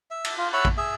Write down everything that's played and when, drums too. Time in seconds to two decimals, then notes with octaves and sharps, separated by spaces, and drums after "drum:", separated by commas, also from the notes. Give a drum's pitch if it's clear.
0.11 E5
0.25 drum: cymbal
0.38 F4
0.53 C#5 E5 F#5 B5
0.65 drum: kick A1
0.77 G#4 E5